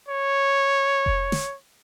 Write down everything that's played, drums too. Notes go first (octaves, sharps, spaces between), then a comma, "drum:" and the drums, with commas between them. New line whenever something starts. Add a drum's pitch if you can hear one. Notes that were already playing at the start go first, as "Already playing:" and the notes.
C#5
drum: kick F1
drum: snare